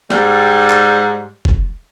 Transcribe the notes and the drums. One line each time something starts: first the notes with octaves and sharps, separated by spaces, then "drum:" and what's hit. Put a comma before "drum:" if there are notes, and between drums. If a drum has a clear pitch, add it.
G#2 G3, drum: snare
drum: clap
drum: kick